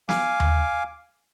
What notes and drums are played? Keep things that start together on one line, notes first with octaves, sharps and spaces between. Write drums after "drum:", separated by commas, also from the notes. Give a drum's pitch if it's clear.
F5 G#5 D6, drum: snare
drum: tom D#2